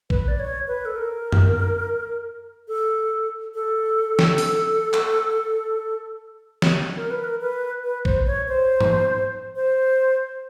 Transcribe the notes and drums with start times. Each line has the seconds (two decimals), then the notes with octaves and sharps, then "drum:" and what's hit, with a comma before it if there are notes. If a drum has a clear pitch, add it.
0.10 B4, drum: kick A1
0.28 D5
0.39 C#5
0.67 B4
0.85 A4
0.96 A#4
1.32 drum: tom F#2
2.68 A4
3.54 A4
4.19 drum: snare
4.38 drum: open hi-hat
4.93 drum: clap
6.62 drum: snare
6.97 A#4
7.10 B4
7.24 A#4
7.41 B4
7.84 B4
8.05 C5, drum: kick A1
8.27 C#5
8.48 C5
8.81 drum: tom G#2
9.56 C5